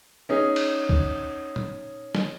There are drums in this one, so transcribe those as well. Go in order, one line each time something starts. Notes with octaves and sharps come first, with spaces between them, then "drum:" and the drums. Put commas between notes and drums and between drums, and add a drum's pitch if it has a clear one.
C#4 D#4 G#4
drum: cymbal
drum: kick C#2
drum: tom
drum: snare